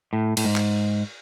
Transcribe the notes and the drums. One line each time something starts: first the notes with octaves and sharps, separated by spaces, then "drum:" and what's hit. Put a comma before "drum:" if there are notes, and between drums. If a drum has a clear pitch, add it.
A2
A2, drum: cymbal
G#2
drum: clap